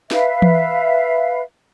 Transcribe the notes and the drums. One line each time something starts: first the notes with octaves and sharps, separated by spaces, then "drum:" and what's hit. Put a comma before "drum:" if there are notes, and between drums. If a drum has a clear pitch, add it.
B4 E5 F5, drum: snare
drum: tom E3